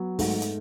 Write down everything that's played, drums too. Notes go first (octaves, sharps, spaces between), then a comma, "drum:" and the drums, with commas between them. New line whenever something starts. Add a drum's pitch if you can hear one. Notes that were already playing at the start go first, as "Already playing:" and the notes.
Already playing: F#3 B3
G#2 A3, drum: kick, open hi-hat
drum: hi-hat